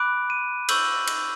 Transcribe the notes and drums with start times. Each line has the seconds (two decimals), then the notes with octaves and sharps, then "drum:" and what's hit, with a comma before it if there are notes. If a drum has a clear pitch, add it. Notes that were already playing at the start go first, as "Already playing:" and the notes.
Already playing: B5 D6 F#6 D7
0.30 D#7
0.69 C#6 E6 G6 F#7, drum: cymbal
1.08 drum: cymbal